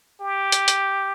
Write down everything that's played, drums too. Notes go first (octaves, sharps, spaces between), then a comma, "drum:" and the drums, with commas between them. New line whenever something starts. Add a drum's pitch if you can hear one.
G4
drum: hi-hat
drum: hi-hat